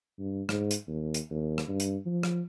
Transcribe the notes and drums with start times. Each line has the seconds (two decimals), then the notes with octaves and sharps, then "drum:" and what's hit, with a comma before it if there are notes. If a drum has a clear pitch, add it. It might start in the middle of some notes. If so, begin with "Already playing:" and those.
0.19 G2
0.49 G#2, drum: rim click
0.71 drum: hi-hat
0.88 D#2
1.14 drum: hi-hat
1.30 D#2
1.58 drum: rim click
1.68 G2
1.80 drum: hi-hat
2.06 F3
2.23 drum: rim click